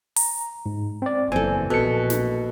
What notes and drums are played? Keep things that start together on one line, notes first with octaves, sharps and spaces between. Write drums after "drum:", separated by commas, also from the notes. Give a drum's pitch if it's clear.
A#5, drum: open hi-hat
G#2
C4 D5
F#1 E2 E3 C4 A4 G#5
A#1 B2 A4 C#7
drum: snare